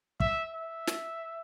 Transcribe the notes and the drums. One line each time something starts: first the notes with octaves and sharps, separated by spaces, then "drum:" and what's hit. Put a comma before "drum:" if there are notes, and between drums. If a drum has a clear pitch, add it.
E5, drum: kick
E5
drum: snare